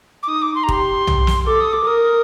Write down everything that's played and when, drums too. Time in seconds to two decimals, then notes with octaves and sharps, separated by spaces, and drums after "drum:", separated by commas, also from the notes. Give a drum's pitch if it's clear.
0.22 D6
0.28 D#4 D#6
0.41 D6
0.55 C6
0.63 A#5
0.69 G4 C6, drum: kick
1.07 drum: tom B1
1.27 drum: snare
1.46 A4 D6
1.60 D#6
1.72 D6
1.86 A#4 D#6